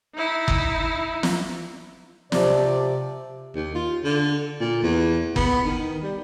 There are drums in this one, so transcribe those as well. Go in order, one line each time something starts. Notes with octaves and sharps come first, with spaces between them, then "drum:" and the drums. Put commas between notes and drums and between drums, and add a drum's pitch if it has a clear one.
D#4 E4
drum: kick
drum: snare
C3 F3 D5, drum: snare
D#2
F4
D3
A#2
E2
B3, drum: kick
D#3
G3